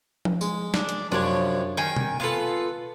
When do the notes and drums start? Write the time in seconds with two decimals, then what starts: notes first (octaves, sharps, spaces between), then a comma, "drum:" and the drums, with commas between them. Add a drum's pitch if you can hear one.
0.25 drum: tom F3
0.41 G#3, drum: tambourine
0.74 D4, drum: snare
0.89 drum: hi-hat
1.12 F#2 C3 F3 D4 C#5
1.77 D#3 F5 G5 G#5
1.96 drum: tom B2
2.20 B3 F4 A4 B4 F5